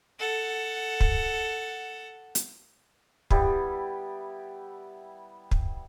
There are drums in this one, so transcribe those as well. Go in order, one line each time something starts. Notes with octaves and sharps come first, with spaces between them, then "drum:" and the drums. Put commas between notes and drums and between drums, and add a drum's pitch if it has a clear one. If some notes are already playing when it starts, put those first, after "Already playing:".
A4 F#5
drum: kick
drum: hi-hat
G3 B3 E4 G4, drum: kick
drum: kick